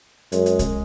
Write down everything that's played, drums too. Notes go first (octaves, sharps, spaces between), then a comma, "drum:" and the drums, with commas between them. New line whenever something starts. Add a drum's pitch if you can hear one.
F#2 G#3, drum: hi-hat
drum: hi-hat
drum: kick B1, hi-hat